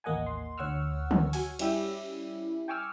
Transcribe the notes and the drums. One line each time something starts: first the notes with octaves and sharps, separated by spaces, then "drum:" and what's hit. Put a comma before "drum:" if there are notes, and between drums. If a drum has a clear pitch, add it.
A1 D#2 A#3 D#5 F#5 G#5
C6
D2 C#5 F#5 C#6 E6 F6
drum: tom
F#4 G#5, drum: open hi-hat
G3 C#4 E4 G4 E5, drum: cymbal
G5 G#5 C#6 D6 E6 F6